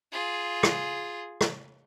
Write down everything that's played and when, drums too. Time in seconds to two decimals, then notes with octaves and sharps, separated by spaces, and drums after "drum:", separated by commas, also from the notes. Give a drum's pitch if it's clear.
0.12 F4 G#4
0.63 drum: rim click
1.41 drum: rim click